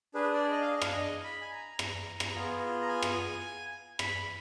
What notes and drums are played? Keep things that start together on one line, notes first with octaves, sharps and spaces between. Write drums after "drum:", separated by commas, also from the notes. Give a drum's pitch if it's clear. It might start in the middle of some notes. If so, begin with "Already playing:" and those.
D4 G#4 B4
D5
D#5
F5
D#5
F5, drum: rim click
D#5
B5
G#5
A#5
drum: rim click
drum: rim click
B3 F4 G#4
A#5
G#5
drum: rim click
B5, drum: rim click